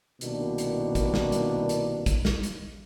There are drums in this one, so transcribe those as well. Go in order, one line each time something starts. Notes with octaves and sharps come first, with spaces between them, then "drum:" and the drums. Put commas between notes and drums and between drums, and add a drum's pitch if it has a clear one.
C2 B2 D#3 A#3 D4, drum: hi-hat
drum: hi-hat
drum: kick, hi-hat
drum: snare
drum: hi-hat
drum: hi-hat
drum: kick, hi-hat
drum: snare
drum: hi-hat